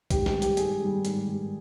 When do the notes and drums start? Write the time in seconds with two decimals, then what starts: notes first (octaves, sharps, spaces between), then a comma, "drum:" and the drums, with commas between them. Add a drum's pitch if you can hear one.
0.10 G#2 G4, drum: kick A#1, hi-hat
0.26 G4, drum: snare
0.34 D#3 G3
0.42 G4, drum: hi-hat
0.57 G#2 G#4, drum: hi-hat
0.81 D#3 G3
1.05 G#2, drum: hi-hat
1.28 D#3 G3